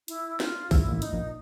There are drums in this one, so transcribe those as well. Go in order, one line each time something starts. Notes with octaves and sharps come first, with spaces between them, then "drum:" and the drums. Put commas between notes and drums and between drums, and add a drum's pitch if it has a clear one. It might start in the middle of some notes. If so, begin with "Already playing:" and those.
E4, drum: hi-hat
F4, drum: snare
G#1 G#2 E4, drum: kick A#1, open hi-hat
A#2
A1 A2
D#4, drum: hi-hat
A#1 A#2